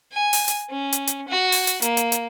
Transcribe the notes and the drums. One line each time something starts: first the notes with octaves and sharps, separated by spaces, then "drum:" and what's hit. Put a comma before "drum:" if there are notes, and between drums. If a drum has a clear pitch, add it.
G#5
drum: open hi-hat
drum: hi-hat
C#4
drum: hi-hat
drum: hi-hat
F#4
drum: open hi-hat
drum: hi-hat
A#3, drum: hi-hat
drum: hi-hat
drum: hi-hat